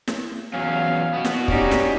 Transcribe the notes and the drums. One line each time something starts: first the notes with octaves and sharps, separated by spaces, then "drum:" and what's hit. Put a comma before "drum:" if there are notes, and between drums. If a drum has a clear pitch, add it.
drum: snare
E2 F#3 C#4 F5
B3 F#4
drum: snare
C#4 D#4 G4 D5, drum: kick
drum: snare